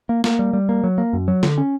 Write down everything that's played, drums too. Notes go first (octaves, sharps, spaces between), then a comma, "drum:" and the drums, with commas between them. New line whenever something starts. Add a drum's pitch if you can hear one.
A#3
A#3, drum: snare
G3
G3
A#3
F#3
A#3
F#2
F#3
D3, drum: snare
C#4